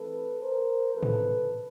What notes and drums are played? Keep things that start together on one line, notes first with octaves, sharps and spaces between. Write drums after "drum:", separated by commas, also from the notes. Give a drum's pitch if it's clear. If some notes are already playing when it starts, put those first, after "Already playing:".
Already playing: E3 A3 C4 A4 B4
A#4 C5
E3 A3 C4 A4 B4
drum: tom A2